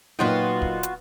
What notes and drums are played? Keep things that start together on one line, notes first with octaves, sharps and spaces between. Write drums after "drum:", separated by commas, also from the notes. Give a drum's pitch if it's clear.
A#2 F#3 B3 D#4 F4 F#4 B4 G5
drum: kick
drum: hi-hat